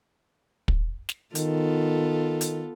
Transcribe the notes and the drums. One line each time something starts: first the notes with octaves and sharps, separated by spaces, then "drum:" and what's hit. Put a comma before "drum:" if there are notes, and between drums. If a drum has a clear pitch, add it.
drum: kick
drum: snare
D#3 B3 F4 A4, drum: hi-hat
drum: hi-hat